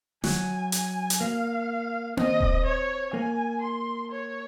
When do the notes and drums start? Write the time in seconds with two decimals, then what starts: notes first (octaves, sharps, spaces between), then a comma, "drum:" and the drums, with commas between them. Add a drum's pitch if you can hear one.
0.24 F#3 G#5, drum: snare
0.72 G#5, drum: hi-hat
1.10 drum: hi-hat
1.21 A#3 F5
2.17 C4 D#5, drum: tom A#3
2.40 drum: kick D#1
2.66 C#5
3.14 A#3 G#5
3.62 C6
4.11 C#5